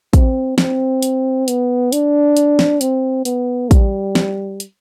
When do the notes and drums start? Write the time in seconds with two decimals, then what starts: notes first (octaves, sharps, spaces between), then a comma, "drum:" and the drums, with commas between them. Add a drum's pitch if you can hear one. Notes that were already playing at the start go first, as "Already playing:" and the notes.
0.13 C4, drum: kick, hi-hat
0.58 C4, drum: snare
1.02 drum: hi-hat
1.48 B3, drum: hi-hat
1.92 D4, drum: hi-hat
2.37 drum: hi-hat
2.59 drum: snare
2.81 C4, drum: hi-hat
3.25 B3, drum: hi-hat
3.71 G3, drum: kick, hi-hat
4.15 drum: snare
4.60 drum: hi-hat